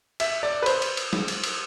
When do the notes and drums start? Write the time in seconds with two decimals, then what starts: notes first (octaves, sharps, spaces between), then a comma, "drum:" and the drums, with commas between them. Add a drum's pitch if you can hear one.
0.20 E5, drum: cymbal
0.43 D5
0.62 B4
0.66 C5, drum: cymbal
0.82 drum: cymbal
0.97 drum: cymbal
1.13 drum: snare
1.28 drum: cymbal
1.44 drum: cymbal